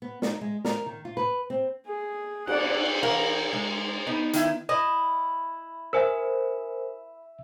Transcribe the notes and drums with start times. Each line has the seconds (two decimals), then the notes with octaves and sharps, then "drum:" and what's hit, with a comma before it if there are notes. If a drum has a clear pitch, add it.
0.02 B3
0.22 D#4, drum: snare
0.41 G#3
0.65 A#4, drum: snare
0.86 D#3
1.05 F4
1.17 B4
1.50 C4
1.87 G#4
2.47 D5 F#5, drum: cymbal
3.03 E3 A#4 F5
3.53 G#3
4.07 B3 D#4
4.33 D#3 E4, drum: hi-hat
4.69 E4 D#5
5.93 A#4 C5 E5 G#5 E6